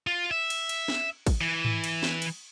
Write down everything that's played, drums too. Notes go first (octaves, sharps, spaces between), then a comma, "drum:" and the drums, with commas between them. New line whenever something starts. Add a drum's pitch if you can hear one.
F4
E5
drum: cymbal
drum: cymbal
drum: snare
drum: kick, cymbal
E3
drum: tom G#2
drum: cymbal
drum: snare
drum: cymbal